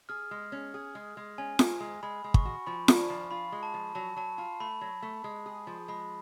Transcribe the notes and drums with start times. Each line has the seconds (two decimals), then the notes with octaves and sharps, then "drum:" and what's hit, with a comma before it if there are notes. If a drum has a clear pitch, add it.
0.09 G#4 F6
0.31 G#3
0.52 C#4
0.74 G#4
0.95 G#3
1.17 G#3
1.38 C#4 G#5
1.59 G#3, drum: snare F4
1.80 G#3
2.03 G#3 B5
2.24 G#3
2.34 C#6, drum: kick
2.45 F#4
2.67 F3 B5
2.88 D4, drum: snare F4
3.10 F3
3.31 F4 B5
3.52 G#3
3.63 A5
3.74 F3
3.95 F#3 A5
4.17 F#3 A5
4.38 F4 A5
4.60 A3 B5
4.81 F#3
5.02 A3
5.24 G#3
5.46 G#4
5.67 F3
5.88 G#3 B5